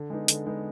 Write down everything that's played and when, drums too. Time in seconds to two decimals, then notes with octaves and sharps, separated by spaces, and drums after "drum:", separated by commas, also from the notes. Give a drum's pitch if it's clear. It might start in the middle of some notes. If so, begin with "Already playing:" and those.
Already playing: D3
0.10 G#3 B3 D#4
0.28 D3, drum: hi-hat
0.46 G#3 B3 D#4